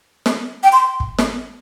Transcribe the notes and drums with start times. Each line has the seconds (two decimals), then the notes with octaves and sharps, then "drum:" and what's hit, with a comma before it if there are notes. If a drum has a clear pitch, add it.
0.26 drum: snare
0.63 G5
0.72 C6
1.00 drum: kick
1.19 drum: snare